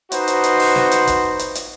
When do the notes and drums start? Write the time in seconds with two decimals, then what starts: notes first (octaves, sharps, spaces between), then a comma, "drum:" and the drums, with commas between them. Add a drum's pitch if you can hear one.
0.12 D#4 F#4 B4 C5, drum: hi-hat
0.28 drum: hi-hat
0.44 drum: hi-hat
0.59 drum: open hi-hat
0.75 drum: snare
0.91 drum: hi-hat
1.07 drum: kick, hi-hat
1.39 drum: hi-hat
1.55 drum: hi-hat